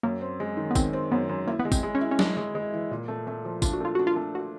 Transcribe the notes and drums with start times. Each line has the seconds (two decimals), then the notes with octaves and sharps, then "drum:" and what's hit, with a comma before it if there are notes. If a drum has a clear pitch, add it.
0.03 F#2 A#3
0.21 C4
0.40 G#3
0.57 D#3
0.71 B3
0.75 D#3 C4, drum: kick G#1, tambourine
0.93 C4
1.11 F#2 B3
1.29 F#2
1.47 A#3 E4
1.59 B3
1.65 G#3
1.72 C4, drum: kick G#1, tambourine
1.83 G#3
1.95 C#4
2.01 E4
2.11 C#4
2.19 G#3 D4, drum: snare F#3
2.37 G#3
2.55 G#3
2.73 E3
2.91 A#2
3.08 A3
3.27 A3
3.45 F3
3.62 D4 F4, drum: kick G#1, tambourine
3.73 F#4
3.80 A3 F4
3.95 D4 F#4
4.07 F4
4.16 A3
4.35 F#4